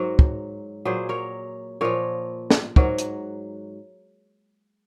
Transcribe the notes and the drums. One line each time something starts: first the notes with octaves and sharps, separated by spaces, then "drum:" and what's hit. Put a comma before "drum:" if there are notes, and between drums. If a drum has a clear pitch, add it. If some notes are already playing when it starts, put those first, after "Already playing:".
Already playing: G#2 F#3 F#4 A#4
drum: kick
A#2 F#3 G#4 C5
A#4 C#5
A#2 F3 A#4 C#5
drum: snare
G#2 F#3 F#4 A#4, drum: kick
drum: hi-hat